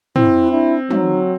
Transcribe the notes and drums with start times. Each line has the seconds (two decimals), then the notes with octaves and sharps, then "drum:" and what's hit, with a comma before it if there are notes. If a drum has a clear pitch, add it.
0.16 C4 E4, drum: tom
0.52 D4 E4
0.91 F#3 D#4, drum: tom